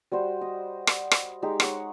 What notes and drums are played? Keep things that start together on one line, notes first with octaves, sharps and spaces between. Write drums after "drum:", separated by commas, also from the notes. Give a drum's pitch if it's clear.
G3 F#4 C5
D#5
drum: rim click
drum: rim click
G#3 D#4 G4
C#5 F#5, drum: rim click